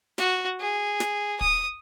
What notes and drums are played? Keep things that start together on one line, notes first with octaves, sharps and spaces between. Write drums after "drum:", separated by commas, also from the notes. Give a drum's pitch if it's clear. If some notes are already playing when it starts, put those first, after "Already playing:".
F#4, drum: snare
G#4
drum: snare
D#6, drum: kick